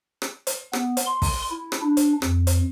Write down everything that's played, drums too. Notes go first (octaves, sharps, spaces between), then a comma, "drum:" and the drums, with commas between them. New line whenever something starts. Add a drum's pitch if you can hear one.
drum: rim click
drum: hi-hat
B3, drum: rim click
drum: hi-hat
C6
drum: kick, open hi-hat
E4
drum: rim click
D4
drum: hi-hat
F2, drum: rim click
drum: hi-hat